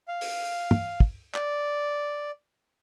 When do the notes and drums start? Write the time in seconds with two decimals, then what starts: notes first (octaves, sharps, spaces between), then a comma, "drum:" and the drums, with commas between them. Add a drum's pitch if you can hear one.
0.08 F5
0.21 drum: open hi-hat
0.71 drum: tom
1.00 drum: kick
1.34 D5, drum: clap